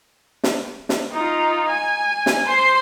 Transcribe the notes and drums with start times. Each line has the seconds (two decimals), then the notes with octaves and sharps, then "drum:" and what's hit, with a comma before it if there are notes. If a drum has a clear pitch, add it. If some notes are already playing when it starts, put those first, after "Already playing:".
0.44 drum: snare
0.89 drum: snare
1.12 D#4 F4
1.69 G#5
2.26 drum: snare
2.45 C5 C6